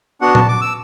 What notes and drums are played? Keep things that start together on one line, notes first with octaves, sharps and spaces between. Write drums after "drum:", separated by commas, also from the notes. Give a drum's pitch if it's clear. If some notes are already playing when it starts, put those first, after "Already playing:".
B3 D4 F#4 F#5
A5, drum: tom A#2
D6
E6